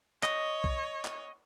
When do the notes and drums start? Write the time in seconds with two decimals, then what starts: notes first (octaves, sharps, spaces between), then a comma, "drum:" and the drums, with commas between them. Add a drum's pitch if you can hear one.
0.23 C#5 D#5, drum: clap
0.64 drum: kick
1.05 drum: clap